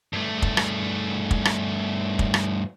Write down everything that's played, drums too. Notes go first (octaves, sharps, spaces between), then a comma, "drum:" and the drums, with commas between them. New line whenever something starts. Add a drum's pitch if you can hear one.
G2 A3
drum: kick
drum: rim click
drum: kick
drum: rim click
drum: kick
drum: rim click